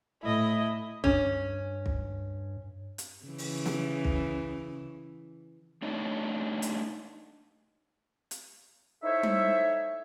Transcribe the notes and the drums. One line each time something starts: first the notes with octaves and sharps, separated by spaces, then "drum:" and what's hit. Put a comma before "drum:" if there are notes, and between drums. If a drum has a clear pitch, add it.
A2 E4 D#5
G2 C#4, drum: kick
drum: kick
drum: hi-hat
C#3 E3
drum: open hi-hat
drum: snare
drum: kick
A3 D4 D#4 C#5 D#5
drum: hi-hat
drum: hi-hat
D#4 E4 A4 C5 C#5 E5
drum: tom G3